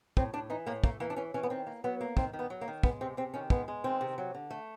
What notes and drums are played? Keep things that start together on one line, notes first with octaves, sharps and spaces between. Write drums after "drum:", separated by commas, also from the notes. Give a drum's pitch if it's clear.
A2 C4, drum: kick
A2 D4
E3 D#4
A2 A#3
A3 A#3, drum: kick
E3 A#3
D4
E3 C#4
E3 C#4
B3
D#3 C4
A#3
F#3 B3
A#3
D#3 C4, drum: kick
D#3
B3
F#3
A#3
D#3
G#3 B3, drum: kick
C3 C4
C3 C4
D#3 C#4
G#3 B3, drum: kick
G#3
D#3 C4
C3
F#3
D3
A3